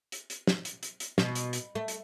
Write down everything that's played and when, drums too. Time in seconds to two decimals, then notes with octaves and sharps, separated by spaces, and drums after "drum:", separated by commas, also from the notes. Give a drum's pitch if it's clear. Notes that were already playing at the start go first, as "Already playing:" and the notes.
0.12 drum: hi-hat
0.30 drum: hi-hat
0.47 drum: snare
0.65 drum: hi-hat
0.83 drum: hi-hat
1.00 drum: hi-hat
1.18 B2, drum: snare
1.35 drum: hi-hat
1.53 drum: hi-hat
1.75 A3
1.88 drum: hi-hat